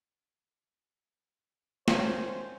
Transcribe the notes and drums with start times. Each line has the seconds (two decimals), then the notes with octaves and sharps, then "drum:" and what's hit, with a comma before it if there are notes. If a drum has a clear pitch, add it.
1.88 D#3 F3 C#4 C5, drum: snare